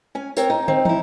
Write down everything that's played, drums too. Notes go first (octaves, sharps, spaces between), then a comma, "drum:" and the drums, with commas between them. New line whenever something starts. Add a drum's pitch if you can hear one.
C#4 G#5
C4 A#4 C#5, drum: tambourine
D#4
C4 D#4, drum: tom
D#4 E4, drum: tom